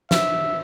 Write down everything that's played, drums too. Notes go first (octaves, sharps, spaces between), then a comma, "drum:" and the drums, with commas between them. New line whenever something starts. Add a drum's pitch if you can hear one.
E5, drum: snare